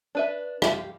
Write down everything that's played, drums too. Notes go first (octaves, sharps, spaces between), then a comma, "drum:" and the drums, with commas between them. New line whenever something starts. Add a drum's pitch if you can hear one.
D4 B4 E5
G4 E5 F5, drum: rim click